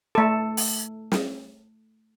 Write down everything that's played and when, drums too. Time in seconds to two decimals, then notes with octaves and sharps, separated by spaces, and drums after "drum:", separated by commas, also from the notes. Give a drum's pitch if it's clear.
0.15 A3 A4
0.57 drum: open hi-hat
1.12 drum: snare